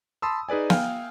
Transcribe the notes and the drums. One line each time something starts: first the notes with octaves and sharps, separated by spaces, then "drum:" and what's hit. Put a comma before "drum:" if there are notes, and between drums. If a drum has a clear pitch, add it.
A5 B5 C6 D#6 E6
D#4 G#4 B4 D5 G#5
F5 G5 G#5 F6, drum: snare